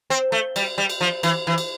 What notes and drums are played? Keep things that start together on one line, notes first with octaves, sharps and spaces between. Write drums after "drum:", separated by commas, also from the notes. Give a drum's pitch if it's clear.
C4
A3
G3, drum: cymbal
G3
drum: cymbal
F3
E3, drum: cymbal
E3
drum: cymbal